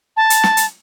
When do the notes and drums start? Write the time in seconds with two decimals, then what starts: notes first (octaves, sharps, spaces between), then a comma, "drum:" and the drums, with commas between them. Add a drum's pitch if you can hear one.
0.17 A5
0.30 drum: hi-hat
0.43 drum: snare
0.57 drum: hi-hat